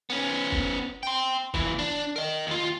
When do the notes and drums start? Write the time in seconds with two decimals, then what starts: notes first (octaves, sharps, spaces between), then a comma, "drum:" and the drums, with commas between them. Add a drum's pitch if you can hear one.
0.10 B3 C#4
0.52 drum: kick
1.03 G5 C6
1.54 A#2 E3, drum: kick
1.79 D4
2.16 A#4 D#5
2.47 D#2 F4